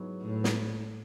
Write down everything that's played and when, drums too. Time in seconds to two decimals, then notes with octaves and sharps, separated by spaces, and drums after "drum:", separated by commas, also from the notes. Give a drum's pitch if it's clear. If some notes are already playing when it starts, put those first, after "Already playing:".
Already playing: G#2 F#3 B3 E4 G#4
0.22 A2
0.44 drum: snare